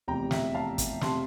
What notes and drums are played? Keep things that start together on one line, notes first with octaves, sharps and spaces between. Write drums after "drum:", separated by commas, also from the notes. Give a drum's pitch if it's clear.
F1 E2 C3 G5 A#5
E5 G5, drum: snare
F5 A5
drum: kick, hi-hat
C3 A5 C6, drum: snare